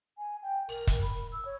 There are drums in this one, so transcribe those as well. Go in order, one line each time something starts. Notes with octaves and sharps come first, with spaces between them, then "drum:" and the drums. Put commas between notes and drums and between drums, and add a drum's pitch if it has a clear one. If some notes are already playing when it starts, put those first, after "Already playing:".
G#5
G5
A#4, drum: open hi-hat
A#4, drum: kick, hi-hat
B5
E6
C#5